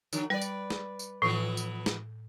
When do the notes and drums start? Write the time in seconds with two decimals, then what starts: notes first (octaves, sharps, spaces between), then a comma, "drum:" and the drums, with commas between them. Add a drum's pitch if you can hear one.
0.13 D3 F#3, drum: tambourine
0.30 G3 B4 D5
0.42 drum: tambourine
0.70 drum: snare
0.99 drum: tambourine
1.22 A2 E3 F3 B3
1.57 drum: tambourine
1.86 drum: snare